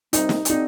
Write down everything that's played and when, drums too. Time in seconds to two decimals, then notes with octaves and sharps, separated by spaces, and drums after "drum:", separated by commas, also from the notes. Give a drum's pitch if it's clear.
0.13 C2 C3 G3 C4 D#4, drum: hi-hat
0.29 drum: snare
0.45 D3 G3 C4 D#4, drum: hi-hat